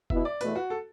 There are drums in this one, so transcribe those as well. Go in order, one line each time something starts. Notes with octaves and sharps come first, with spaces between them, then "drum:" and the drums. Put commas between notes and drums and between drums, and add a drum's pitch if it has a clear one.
B2 B3 E4 E5, drum: kick F1
D5
E2 B2 A3 B4, drum: hi-hat
F#4
A4